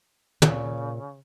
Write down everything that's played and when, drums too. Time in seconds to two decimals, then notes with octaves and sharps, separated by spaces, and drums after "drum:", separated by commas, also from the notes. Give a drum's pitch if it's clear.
0.42 A#2 C#3, drum: tom